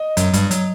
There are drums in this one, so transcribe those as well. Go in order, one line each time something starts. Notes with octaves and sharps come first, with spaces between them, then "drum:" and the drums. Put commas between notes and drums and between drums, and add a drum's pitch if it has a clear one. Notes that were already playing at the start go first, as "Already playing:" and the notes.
Already playing: D#5
F#2 F#3, drum: hi-hat
G2 G3, drum: hi-hat
F#3, drum: hi-hat